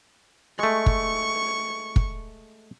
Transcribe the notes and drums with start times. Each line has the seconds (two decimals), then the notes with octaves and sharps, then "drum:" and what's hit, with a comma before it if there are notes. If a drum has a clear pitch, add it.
0.59 G#3 A3 C#6
0.86 drum: kick
1.96 drum: kick